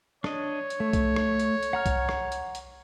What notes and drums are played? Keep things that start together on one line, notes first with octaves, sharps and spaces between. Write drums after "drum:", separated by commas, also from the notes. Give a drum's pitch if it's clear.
D4 C#5 D#5, drum: rim click
drum: hi-hat
A3
drum: kick C2, hi-hat
drum: rim click
drum: hi-hat
drum: hi-hat
F#5 A#5 F6
drum: kick C2, hi-hat
drum: rim click
drum: hi-hat
drum: hi-hat